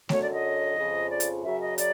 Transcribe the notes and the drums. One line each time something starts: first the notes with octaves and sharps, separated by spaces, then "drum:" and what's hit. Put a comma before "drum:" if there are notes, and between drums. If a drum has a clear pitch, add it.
F#2 D3 F#3 C#5, drum: snare A3
D5
D#5
F2 C#3 F3
D5
drum: hi-hat
F#2 C#3 F#3 E5
D#5
D5, drum: hi-hat